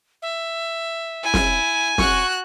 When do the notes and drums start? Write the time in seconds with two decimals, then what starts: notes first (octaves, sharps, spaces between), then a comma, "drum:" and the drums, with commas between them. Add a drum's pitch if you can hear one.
0.22 E5
1.24 E4 G#5
1.34 drum: snare
1.98 F#4 C#6 F#6, drum: snare